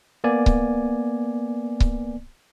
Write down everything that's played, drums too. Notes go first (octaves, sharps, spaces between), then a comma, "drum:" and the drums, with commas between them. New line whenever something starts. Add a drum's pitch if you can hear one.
A#3 B3 D5 G#5
drum: kick C#1
drum: kick C#1